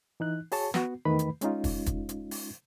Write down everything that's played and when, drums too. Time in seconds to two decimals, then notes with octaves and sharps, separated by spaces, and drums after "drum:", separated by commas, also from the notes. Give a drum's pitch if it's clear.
0.20 E3 D#4 F#6
0.52 F#4 G#4 C#5 A5 C#6, drum: open hi-hat
0.74 B3 F#4, drum: snare
1.05 E2 D#3 A3 B4 B5
1.19 drum: hi-hat
1.41 G#3 C#4 D#4 F4, drum: hi-hat
1.64 drum: kick, open hi-hat
1.86 drum: kick, hi-hat
2.09 drum: hi-hat
2.31 drum: open hi-hat